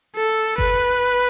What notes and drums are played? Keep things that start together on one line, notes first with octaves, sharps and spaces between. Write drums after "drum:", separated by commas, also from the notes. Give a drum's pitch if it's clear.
A4
B4, drum: kick G1